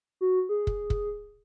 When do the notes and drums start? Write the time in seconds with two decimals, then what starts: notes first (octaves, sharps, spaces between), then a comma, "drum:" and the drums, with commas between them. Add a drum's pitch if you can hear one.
0.21 F#4
0.49 G#4
0.67 drum: kick
0.90 drum: kick